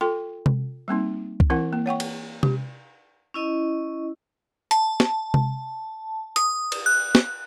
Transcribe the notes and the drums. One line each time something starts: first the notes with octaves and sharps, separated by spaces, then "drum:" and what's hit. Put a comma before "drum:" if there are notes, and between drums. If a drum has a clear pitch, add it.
F4 A4 G5 C6
drum: tom C3
G3 A#3 C4 D#4
drum: kick C2
E3 C4 E4 A#4 F#5
A#3
C#5 F#5 G5 C#6
drum: cymbal
G4, drum: tom C3
C#4 E4 D#5
A5, drum: hi-hat
drum: snare
drum: tom C3
D#6, drum: hi-hat
drum: cymbal
F#6
drum: snare